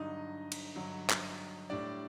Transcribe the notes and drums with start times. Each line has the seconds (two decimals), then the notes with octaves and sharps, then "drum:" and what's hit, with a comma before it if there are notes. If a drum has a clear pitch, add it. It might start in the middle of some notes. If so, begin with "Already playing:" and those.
Already playing: G2 D3 F#3 D#4 D#5
0.52 drum: cymbal
0.75 G2 D3 F#3
1.10 drum: clap
1.70 A2 G3 D4 D5